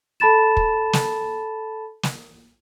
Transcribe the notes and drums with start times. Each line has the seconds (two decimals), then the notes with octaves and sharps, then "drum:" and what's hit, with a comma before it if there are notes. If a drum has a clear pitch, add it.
0.20 A4 A5 B5 A6 E7
0.57 drum: kick
0.93 drum: snare
2.03 drum: snare